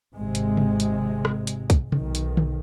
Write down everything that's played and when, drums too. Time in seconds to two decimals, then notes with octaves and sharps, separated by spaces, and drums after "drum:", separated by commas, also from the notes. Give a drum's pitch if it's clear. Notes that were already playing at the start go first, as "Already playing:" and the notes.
0.17 G#1 C3 G#3
0.35 drum: hi-hat
0.57 drum: tom C3
0.80 drum: hi-hat
1.25 drum: rim click
1.47 drum: hi-hat
1.70 drum: kick, hi-hat
1.92 B1 D#3, drum: tom C3
2.15 drum: hi-hat
2.37 drum: tom D3